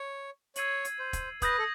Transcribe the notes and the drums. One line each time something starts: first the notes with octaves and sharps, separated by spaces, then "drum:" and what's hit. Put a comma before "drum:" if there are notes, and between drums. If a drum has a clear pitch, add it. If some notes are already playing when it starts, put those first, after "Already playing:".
Already playing: C#5
C#5 E6 G#6 C7 D#7 F#7, drum: hi-hat
drum: hi-hat
C5
drum: kick E1, hi-hat
B4 D#6 G6 A#6, drum: kick E1, hi-hat
A4